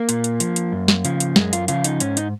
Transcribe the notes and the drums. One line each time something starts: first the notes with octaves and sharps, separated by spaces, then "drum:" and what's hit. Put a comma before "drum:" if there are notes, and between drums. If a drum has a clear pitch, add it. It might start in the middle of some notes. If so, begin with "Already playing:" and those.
Already playing: A#3
A#2, drum: hi-hat
drum: hi-hat
F3, drum: hi-hat
drum: hi-hat
F#2
drum: snare
C#3 F3, drum: hi-hat
drum: hi-hat
F#2 G#3, drum: snare
F4, drum: hi-hat
C#3 F3 F4, drum: hi-hat
D#4, drum: hi-hat
G#2 C#4, drum: hi-hat
D#4, drum: hi-hat